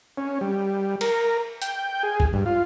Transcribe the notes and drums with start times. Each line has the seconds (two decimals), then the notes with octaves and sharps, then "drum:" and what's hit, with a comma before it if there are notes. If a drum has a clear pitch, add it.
0.18 C#4
0.41 G3
1.01 A#4, drum: cymbal
1.62 G5, drum: hi-hat
2.03 G#4
2.20 drum: kick A1
2.33 G2
2.46 F4